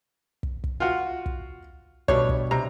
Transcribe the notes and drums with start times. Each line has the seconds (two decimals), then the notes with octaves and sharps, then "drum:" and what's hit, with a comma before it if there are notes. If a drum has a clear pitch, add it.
0.43 drum: kick
0.64 drum: kick
0.80 F4 F#4
1.26 drum: kick
2.08 B2 G3 D4 C#5, drum: kick
2.29 drum: kick
2.51 C3 A#5